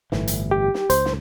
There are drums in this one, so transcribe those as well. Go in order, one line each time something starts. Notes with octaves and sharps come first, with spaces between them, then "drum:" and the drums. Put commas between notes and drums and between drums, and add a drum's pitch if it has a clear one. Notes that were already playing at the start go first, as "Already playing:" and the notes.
G1 A2 E3, drum: snare
drum: hi-hat
G4
drum: snare
C#2 C5, drum: hi-hat
drum: snare